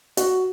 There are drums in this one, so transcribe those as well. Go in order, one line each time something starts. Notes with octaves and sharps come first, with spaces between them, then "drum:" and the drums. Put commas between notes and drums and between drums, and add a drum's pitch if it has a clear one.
F#4, drum: hi-hat